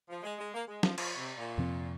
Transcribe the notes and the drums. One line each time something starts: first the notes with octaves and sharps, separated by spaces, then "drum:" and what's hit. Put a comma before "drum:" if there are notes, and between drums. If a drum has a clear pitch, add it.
F3
G#3
G#3
A#3
G#3
F3, drum: snare
F3, drum: cymbal
C3
A#2
F2 C3 F3 C4